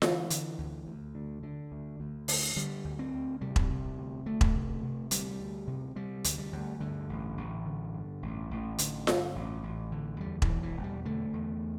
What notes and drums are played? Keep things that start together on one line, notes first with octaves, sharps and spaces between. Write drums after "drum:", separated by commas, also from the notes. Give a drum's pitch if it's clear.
D3 E3, drum: snare F4
D3, drum: hi-hat
D2
D2
D3
D3
D2
D2
D3, drum: open hi-hat
D3 G3
D2
C4
D2
C3 G3
drum: kick E1
C3
D2
D2 A3
drum: kick E1
C3
C3
D2 G3, drum: hi-hat
D2
C3
C3 G3
D2, drum: hi-hat
G3
D2
G2 D3
A1
A1
D3
G2
A1
A1
D3, drum: hi-hat
G2, drum: snare F4
A1
A1
D3
E2 G3
E3, drum: kick E1
E1
E3
E1
G3
D3 A3
E2